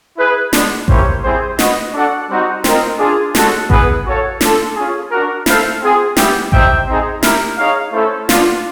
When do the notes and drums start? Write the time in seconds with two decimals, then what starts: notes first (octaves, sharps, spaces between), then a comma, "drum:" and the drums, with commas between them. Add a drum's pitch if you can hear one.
0.18 E4 G#4 B4
0.53 G#3 B3 D4, drum: snare
0.88 A#3 C#4 E4 G4 C5, drum: kick A1
1.23 G3 C4 E4 G#4 C5
1.59 F#4 B4 D#5 F#5, drum: snare
1.94 D4 F#4 A4 D5 F#5
2.29 G3 C4 D#4 F#4
2.64 C4 F4 A#4 D#5, drum: snare
2.99 D4 F4 G#4
3.35 G#3 C#4 F#4 A4, drum: snare
3.70 B3 E4 G#4 B4, drum: kick A1
4.05 F#4 A4 C#5 F5
4.41 D4 F4 A4, drum: snare
4.76 C#4 F4 G#4
5.10 D4 F#4 A#4
5.46 E4 A4 C5 F5, drum: snare
5.81 C4 F4 G#4
6.17 G3 B3 E4 G4, drum: snare
6.52 D#4 G4 C5 E5 G5, drum: kick A1
6.87 C4 D#4 G#4
7.23 E4 G4 A#4, drum: snare
7.58 D#4 G#4 C#5 F5
7.93 A3 C#4 E4 A4 C5
8.29 B3 D4 F4, drum: snare